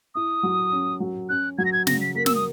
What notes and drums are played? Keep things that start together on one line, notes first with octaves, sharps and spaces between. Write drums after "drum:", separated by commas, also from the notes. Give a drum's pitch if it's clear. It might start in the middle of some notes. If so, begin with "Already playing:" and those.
E4 D#6
F#3
C#4
F#3
C#4 F#6
F#3 G#6
A#6
G#6
C#3 A#6, drum: snare
B6
A#3 B6
E6, drum: snare
D#6